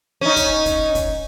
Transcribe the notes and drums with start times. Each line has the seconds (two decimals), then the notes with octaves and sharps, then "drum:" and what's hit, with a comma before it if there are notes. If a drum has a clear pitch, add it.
0.21 C#4 D#4
0.36 drum: kick, hi-hat
0.65 drum: kick, hi-hat
0.95 drum: kick, hi-hat